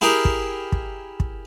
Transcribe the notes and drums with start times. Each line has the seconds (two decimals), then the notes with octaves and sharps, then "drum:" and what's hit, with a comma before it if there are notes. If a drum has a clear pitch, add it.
0.01 E4 G4 G#4 A#4
0.25 drum: kick
0.72 drum: kick
1.20 drum: kick